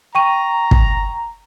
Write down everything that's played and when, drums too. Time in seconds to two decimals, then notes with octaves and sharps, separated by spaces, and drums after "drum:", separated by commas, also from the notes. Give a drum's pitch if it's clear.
0.15 G5 A#5 C#6 D#7
0.71 drum: kick